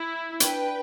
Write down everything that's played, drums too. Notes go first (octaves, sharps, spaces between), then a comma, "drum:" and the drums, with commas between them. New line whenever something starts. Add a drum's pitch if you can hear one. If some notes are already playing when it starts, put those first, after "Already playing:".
Already playing: E4
D4 B4 G5, drum: hi-hat